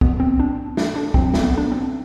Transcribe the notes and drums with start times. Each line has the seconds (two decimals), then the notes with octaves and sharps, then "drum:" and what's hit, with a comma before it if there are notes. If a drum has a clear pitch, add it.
0.01 B2 F#3 B3, drum: kick
0.20 C4
0.39 D4
0.77 D4, drum: snare
0.96 D4
1.14 B2 F#3 C4, drum: kick
1.34 drum: snare
1.43 B3
1.58 D4
1.72 C4